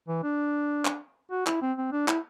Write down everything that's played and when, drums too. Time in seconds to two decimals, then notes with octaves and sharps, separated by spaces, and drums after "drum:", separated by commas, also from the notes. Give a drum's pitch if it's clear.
0.08 E3
0.23 D4
0.85 drum: clap
1.31 F#4
1.46 E4, drum: clap
1.62 C4
1.78 C4
1.92 D4
2.08 E4, drum: clap